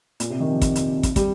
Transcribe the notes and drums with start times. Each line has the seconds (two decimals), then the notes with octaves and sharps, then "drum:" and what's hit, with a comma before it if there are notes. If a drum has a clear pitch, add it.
0.20 A#2, drum: hi-hat
0.30 C3
0.40 D#3
0.51 F3
0.62 drum: kick, hi-hat
0.75 drum: hi-hat
1.03 drum: kick, hi-hat
1.16 G3, drum: kick, hi-hat